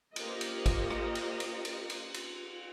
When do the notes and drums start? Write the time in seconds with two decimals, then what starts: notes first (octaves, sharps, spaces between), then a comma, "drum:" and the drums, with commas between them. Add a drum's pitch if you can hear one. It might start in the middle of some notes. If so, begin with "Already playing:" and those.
0.16 A#3 F4 G4 A#4 C5 D#5, drum: cymbal
0.41 drum: cymbal
0.66 drum: kick G#1, cymbal
0.90 drum: rim click
1.15 drum: cymbal
1.40 drum: cymbal
1.65 drum: cymbal
1.90 drum: cymbal
2.14 drum: cymbal